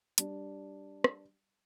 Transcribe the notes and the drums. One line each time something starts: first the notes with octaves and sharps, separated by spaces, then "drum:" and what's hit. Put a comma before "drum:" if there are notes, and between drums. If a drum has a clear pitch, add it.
G3 D4, drum: hi-hat
drum: rim click